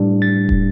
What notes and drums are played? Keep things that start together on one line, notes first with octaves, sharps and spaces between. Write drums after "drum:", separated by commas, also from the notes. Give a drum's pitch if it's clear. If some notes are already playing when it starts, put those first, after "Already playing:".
Already playing: A2 G3 D4
A6
drum: kick